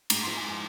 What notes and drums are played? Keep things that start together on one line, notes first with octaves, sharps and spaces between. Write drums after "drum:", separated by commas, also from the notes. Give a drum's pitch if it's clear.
G#2 A#5, drum: cymbal
C6
F3
G#5
G#5